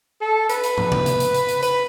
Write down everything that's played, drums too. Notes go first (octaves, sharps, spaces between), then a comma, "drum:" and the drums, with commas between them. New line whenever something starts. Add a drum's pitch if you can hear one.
A4
B4, drum: hi-hat
drum: hi-hat
drum: tom
drum: tom C3
drum: hi-hat
drum: hi-hat
drum: hi-hat
drum: hi-hat
B4, drum: hi-hat